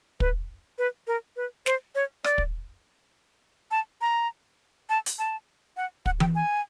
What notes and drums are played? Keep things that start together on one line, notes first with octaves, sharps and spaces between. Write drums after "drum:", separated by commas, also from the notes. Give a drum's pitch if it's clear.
B4, drum: kick
B4
A#4
B4
C5, drum: snare
C#5
D5, drum: rim click
drum: kick
A5
A#5
A5
drum: hi-hat
A5
F#5
F#5, drum: kick
G5, drum: tom E3
G#5